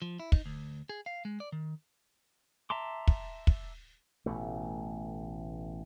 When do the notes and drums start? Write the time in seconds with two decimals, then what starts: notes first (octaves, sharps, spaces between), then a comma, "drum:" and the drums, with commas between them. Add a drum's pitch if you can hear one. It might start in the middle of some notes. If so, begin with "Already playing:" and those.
0.02 F3
0.20 E4
0.32 D#4, drum: kick
0.46 D2
0.89 G#4
1.06 F5
1.25 G#3
1.40 D5
1.52 D#3
2.70 E5 A5 A#5 C6 D6
3.07 drum: kick
3.47 drum: kick
4.26 A1 B2 A3